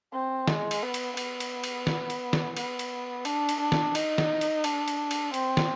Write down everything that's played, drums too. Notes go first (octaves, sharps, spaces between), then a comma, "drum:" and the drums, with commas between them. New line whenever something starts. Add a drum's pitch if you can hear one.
C4
G#3, drum: snare
drum: cymbal
B3
drum: cymbal
B3, drum: cymbal
drum: cymbal
drum: cymbal
drum: snare
drum: cymbal
drum: snare
B3, drum: cymbal
drum: cymbal
D4, drum: cymbal
drum: cymbal
D4
drum: snare
D#4, drum: cymbal
drum: snare
drum: cymbal
D4, drum: cymbal
drum: cymbal
drum: cymbal
C4, drum: cymbal
drum: snare